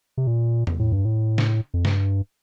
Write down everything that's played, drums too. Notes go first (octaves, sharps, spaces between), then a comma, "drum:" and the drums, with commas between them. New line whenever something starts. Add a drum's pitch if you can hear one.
C3
A#2
drum: tom E2
A2
G2
A2
drum: snare
F2
G2, drum: snare